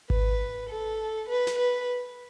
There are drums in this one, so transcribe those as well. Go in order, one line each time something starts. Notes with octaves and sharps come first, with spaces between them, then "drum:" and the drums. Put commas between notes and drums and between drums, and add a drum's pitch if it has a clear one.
B4, drum: kick G#1
A4
B4
drum: snare
B4